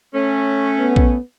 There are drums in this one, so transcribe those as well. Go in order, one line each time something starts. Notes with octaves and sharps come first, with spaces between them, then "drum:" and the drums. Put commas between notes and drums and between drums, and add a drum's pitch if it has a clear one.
A3 C#4
B3
drum: kick A#1